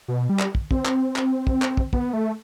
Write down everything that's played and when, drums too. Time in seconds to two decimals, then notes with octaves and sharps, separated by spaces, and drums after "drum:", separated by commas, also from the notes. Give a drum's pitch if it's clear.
0.08 B2
0.29 G3
0.39 drum: clap
0.55 drum: kick
0.71 C4, drum: kick
0.85 drum: clap
1.16 drum: clap
1.47 drum: kick
1.62 drum: clap
1.77 drum: kick
1.93 B3, drum: kick
2.13 A3